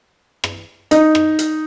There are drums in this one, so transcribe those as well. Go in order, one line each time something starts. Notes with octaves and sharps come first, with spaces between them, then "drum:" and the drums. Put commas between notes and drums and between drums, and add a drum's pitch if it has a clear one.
drum: rim click
D#4, drum: hi-hat
drum: rim click
drum: hi-hat